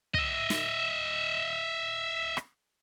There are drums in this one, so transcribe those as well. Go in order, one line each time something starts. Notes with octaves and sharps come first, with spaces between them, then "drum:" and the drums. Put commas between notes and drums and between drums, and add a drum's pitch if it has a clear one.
D#5 E5, drum: kick
drum: snare
drum: rim click